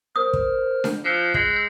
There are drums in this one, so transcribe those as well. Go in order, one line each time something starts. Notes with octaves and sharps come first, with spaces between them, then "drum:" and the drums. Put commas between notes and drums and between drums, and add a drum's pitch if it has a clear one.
A#4 C5 D#6 F6
drum: kick
drum: snare D4
F3 E6 F#6 G6
G#3, drum: kick